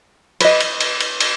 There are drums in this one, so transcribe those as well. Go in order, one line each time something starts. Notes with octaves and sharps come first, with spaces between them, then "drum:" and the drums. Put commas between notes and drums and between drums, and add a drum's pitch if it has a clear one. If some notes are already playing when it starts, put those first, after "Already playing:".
B4 D#5, drum: cymbal
drum: cymbal
drum: cymbal
drum: cymbal
drum: cymbal